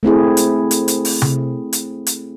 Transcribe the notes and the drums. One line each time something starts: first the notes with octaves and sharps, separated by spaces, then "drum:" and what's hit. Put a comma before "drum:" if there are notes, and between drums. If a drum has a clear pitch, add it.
A3 C4 E4 G#4
drum: hi-hat
drum: hi-hat
drum: hi-hat
drum: open hi-hat
drum: tom C3
drum: hi-hat
drum: hi-hat